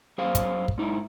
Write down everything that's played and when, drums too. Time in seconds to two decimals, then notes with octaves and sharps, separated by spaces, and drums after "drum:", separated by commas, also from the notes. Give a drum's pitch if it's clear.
0.18 F#2 G#4 C5 F5
0.35 drum: kick, hi-hat
0.68 drum: kick
0.78 G#2 D#4 E4